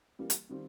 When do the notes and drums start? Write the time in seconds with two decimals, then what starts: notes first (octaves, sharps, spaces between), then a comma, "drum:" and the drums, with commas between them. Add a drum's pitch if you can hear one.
0.19 E3 G3 A#3
0.30 drum: hi-hat
0.49 D#3 G3 C4 F4